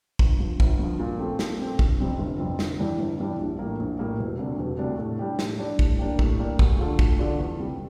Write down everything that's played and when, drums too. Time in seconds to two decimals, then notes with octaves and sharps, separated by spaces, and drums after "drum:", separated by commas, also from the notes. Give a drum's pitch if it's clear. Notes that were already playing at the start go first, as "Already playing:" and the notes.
0.19 G1, drum: kick
0.39 G2 F3
0.60 G1, drum: kick
0.80 G2 F3
0.99 A#2
1.19 A3 C4 G4
1.39 A#2, drum: snare
1.59 A3 C4 G4
1.79 G1, drum: kick
1.99 F2 C3 G3 C4
2.19 G1
2.39 F2 C3 G3 C4
2.59 G1, drum: snare
2.79 G2 E3 G3 D4
2.99 G1
3.19 G2 E3 G3 D4
3.39 A#1
3.59 A2 G3 A#3
3.80 A#1
3.99 A2 G3 A#3
4.19 E1
4.39 D2 C3 G3 D4
4.59 E1
4.79 D2 C3 G3 D4
4.99 A2
5.19 G3 D4 G4
5.39 A2, drum: snare
5.59 G3 D4 G4
5.79 A2, drum: kick
5.99 G3 A#3 D4 G4
6.19 A2, drum: kick
6.39 G3 A#3 D4 G4
6.59 D2, drum: kick
6.79 D3 A3 D4 F4
6.99 D2, drum: kick
7.19 D3 A3 D4 F4
7.39 E2
7.59 C3 G3